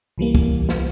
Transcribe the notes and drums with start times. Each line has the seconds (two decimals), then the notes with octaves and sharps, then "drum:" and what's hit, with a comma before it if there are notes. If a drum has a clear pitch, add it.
0.18 C2 E3 G3 A#3
0.35 drum: kick C#2
0.69 drum: snare